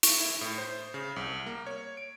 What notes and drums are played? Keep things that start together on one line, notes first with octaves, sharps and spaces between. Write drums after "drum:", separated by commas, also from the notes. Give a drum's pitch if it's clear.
C#6, drum: hi-hat
E4
A2
C5
C#3
C2
A#3
C#5
D7